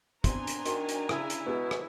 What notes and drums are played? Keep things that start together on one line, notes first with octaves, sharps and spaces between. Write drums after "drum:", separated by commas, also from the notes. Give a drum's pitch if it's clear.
B3 C4 D4 G#5 A#5 C6, drum: kick, hi-hat
drum: hi-hat
D#3 F#4, drum: hi-hat
drum: hi-hat
C#3 E4, drum: rim click
drum: hi-hat
B2 G#3 B3
drum: rim click